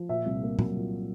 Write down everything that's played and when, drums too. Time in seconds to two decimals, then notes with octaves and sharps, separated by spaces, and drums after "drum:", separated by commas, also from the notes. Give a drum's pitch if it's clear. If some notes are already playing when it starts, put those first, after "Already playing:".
Already playing: F3
0.09 A#2 E5
0.26 C2
0.43 A#3
0.59 F#3, drum: tom A#2
0.76 A#2